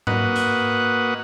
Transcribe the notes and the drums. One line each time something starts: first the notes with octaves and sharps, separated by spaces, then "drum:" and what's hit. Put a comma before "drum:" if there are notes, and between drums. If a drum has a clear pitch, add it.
A#3 F#4 B4 D#5 F#5, drum: tom G#2
drum: hi-hat